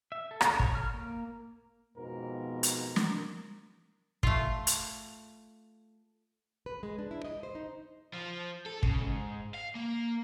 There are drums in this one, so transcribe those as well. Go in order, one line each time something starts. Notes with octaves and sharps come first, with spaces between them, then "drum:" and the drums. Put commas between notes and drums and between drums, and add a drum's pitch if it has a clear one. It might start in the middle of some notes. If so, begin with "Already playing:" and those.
E5
A4
drum: rim click
C#5, drum: kick
F6
A#3
F2 G#2 B2 A#4
drum: hi-hat
drum: snare
A3 F4, drum: kick
drum: hi-hat
B4
G#3
D4
E4
D#5
C5
D#4
F3
A4
C#3, drum: kick
G#2
F5
A#3